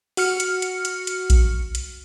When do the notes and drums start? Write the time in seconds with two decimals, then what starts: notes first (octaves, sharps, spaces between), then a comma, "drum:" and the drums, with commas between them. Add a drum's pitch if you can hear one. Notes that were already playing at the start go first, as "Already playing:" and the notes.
0.17 F#4 F6 C#7, drum: open hi-hat
0.40 drum: hi-hat
0.62 drum: hi-hat
0.85 drum: hi-hat
1.07 drum: hi-hat
1.30 drum: kick A#1, hi-hat
1.75 drum: hi-hat